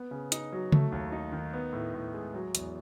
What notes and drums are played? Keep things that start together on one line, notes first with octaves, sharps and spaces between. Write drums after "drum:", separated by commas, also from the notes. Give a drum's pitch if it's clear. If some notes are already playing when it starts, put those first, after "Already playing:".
Already playing: B3
C#3
D#4, drum: hi-hat
F#3
A3, drum: tom C#3
D#2
D#4
D#3
B3
A2
A2
G#3
F#3
E2, drum: hi-hat